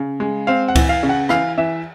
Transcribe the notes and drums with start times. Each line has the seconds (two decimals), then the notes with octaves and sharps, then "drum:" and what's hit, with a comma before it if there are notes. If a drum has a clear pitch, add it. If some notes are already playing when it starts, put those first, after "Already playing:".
Already playing: C#3
0.20 G#3
0.47 C4 F5
0.68 F#5
0.75 E3, drum: kick C#2, cymbal
0.89 F5
1.03 C#3
1.09 F#5
1.29 E3 F5, drum: rim click
1.58 E3 E5